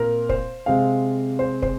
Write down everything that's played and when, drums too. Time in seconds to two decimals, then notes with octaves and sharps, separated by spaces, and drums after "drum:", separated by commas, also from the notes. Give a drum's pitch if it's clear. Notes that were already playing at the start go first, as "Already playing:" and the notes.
Already playing: A#2 C4 A#4
0.29 C5, drum: kick
0.66 C3 G#3 C4 F5
1.39 C5
1.62 C5, drum: kick